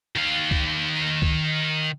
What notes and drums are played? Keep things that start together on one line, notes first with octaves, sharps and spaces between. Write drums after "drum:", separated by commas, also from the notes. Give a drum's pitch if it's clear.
D#3 F5
drum: kick
drum: kick